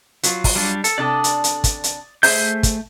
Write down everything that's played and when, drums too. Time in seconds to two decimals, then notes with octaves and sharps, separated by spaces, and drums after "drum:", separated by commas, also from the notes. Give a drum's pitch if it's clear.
0.23 F#3 F4, drum: hi-hat
0.44 drum: kick, open hi-hat
0.56 G3 D4
0.84 A4, drum: hi-hat
0.98 C3 D4 A4 D5 D6 D#6
1.24 drum: hi-hat
1.44 drum: hi-hat
1.64 drum: kick, hi-hat
1.84 drum: hi-hat
2.23 A3 G#4 C5 E5 G6, drum: open hi-hat
2.63 drum: kick, hi-hat